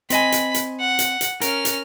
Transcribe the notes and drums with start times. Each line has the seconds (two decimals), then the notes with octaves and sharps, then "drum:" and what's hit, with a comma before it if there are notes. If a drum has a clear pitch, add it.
0.10 C4 D#5 G#5 B5, drum: hi-hat
0.32 drum: hi-hat
0.54 drum: hi-hat
0.80 F#5
0.99 drum: hi-hat
1.21 drum: hi-hat
1.41 C#4 A#4 F6, drum: hi-hat
1.65 drum: hi-hat